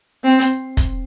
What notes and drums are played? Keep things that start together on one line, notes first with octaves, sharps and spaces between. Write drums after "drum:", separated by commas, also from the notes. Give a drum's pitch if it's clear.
C4
drum: hi-hat
drum: kick, hi-hat